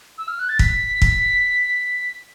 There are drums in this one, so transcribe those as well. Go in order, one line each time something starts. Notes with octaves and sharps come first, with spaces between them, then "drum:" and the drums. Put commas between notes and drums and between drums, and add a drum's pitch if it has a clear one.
E6
F6
F#6
A6
B6, drum: kick
drum: kick